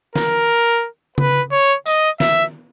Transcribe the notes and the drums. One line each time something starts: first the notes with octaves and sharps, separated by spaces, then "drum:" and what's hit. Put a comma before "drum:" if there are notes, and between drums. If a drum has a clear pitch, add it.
A#4, drum: snare
B4, drum: tom C#3
C#5
D#5, drum: tambourine
E5, drum: snare